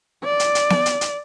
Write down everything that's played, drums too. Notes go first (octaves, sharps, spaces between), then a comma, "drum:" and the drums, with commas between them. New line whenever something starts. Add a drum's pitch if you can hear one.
D5
drum: hi-hat
drum: hi-hat
drum: snare B3
drum: hi-hat
drum: hi-hat